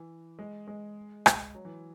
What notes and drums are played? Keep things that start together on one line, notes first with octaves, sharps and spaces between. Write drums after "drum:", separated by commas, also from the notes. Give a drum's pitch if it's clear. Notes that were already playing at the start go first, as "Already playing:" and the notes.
Already playing: E3
G#3
G#3
G#3, drum: rim click
F#3
E3